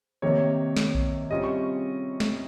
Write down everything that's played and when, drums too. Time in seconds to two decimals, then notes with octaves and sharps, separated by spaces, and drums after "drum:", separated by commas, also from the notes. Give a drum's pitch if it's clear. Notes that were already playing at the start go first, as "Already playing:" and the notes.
0.22 C3 D#3 A#3 C#5
0.77 drum: snare
0.94 drum: kick B1
1.30 C3 G3 C#4 F4 D#5
1.44 C#6
2.20 drum: snare